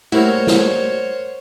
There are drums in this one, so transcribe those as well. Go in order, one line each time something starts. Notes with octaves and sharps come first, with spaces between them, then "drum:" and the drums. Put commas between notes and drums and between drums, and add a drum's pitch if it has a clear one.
G3 A3 A#3 E4 F#4 A#4 C5 C#5
drum: snare